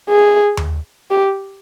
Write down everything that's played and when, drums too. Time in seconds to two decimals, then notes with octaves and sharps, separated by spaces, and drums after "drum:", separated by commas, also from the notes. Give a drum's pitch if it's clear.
0.09 G#4
0.57 drum: tom D#2
1.11 G4